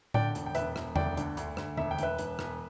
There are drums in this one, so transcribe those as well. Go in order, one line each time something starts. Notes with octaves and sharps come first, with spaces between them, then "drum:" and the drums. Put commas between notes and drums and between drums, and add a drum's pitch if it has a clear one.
D3 D5 G5, drum: tom A2
E1, drum: hi-hat
G5
E1 B4 E5, drum: hi-hat
E1, drum: rim click
D2 D5 G5, drum: tom E2
D3, drum: hi-hat
D2, drum: hi-hat
D2, drum: rim click
E1 E5, drum: tom D3
G5
E1 B4 E5, drum: hi-hat
E1, drum: hi-hat
E1, drum: rim click